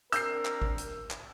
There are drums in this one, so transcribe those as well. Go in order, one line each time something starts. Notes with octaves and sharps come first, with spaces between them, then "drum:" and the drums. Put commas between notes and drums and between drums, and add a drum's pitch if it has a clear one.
C4 D4 A#4 E6 G6 C7, drum: hi-hat
drum: clap
drum: kick G#1
drum: hi-hat
drum: clap